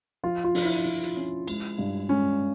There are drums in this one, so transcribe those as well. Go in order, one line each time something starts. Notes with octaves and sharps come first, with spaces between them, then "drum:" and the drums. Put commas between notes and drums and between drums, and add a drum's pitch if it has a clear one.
F3 F4
F4
F3, drum: open hi-hat
E4
F3
drum: hi-hat
C#4
G#3, drum: cymbal
G2
G#3 C#4